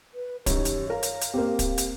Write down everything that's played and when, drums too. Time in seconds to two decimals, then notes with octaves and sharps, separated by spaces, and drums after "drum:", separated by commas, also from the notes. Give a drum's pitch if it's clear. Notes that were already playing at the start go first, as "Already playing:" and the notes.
0.14 B4
0.46 F#2 D#3 D#4 G4 C#5, drum: kick, hi-hat
0.65 drum: hi-hat
0.90 A#4 F5
1.03 drum: hi-hat
1.21 drum: hi-hat
1.34 A#3 C4 G4
1.59 drum: kick, hi-hat
1.78 drum: hi-hat